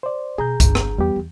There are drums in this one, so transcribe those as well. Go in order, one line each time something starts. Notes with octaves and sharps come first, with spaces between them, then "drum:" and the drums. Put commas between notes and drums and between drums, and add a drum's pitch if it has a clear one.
C5 D5
B2 G#4 A#5 G6
G1 G2, drum: kick C2, hi-hat
drum: rim click
E2 G3 B3 G4
E2